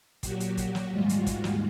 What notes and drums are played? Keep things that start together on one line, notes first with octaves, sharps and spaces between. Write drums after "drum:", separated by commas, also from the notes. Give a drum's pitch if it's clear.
A#2 F#3 F#4 G4, drum: kick, hi-hat
drum: hi-hat
drum: kick, hi-hat
drum: snare
D#2 G#2 G3 G#3 F4 F#4
drum: hi-hat
drum: kick, hi-hat
drum: snare